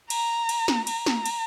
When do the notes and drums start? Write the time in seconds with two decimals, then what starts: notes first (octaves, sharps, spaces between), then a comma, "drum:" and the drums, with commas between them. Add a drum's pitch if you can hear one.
0.10 A#5, drum: cymbal
0.49 drum: cymbal
0.68 drum: snare
0.87 A#5, drum: cymbal
1.06 drum: snare
1.26 drum: cymbal